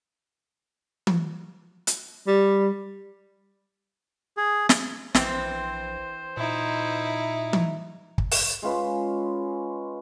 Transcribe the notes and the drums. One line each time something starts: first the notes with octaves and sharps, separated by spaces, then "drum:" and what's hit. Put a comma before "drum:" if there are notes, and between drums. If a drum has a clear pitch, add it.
drum: tom E3
drum: hi-hat
G3
G#4
drum: snare
A#1 E3 C4 C5, drum: snare
A#2 D#4 E4
drum: tom E3
drum: kick
drum: open hi-hat
G#3 C#4 F4 B4